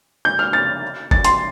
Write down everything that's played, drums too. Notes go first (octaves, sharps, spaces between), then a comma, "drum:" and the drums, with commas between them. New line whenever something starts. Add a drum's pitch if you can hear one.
G6
F6
A6
A6, drum: kick F#1
C6, drum: hi-hat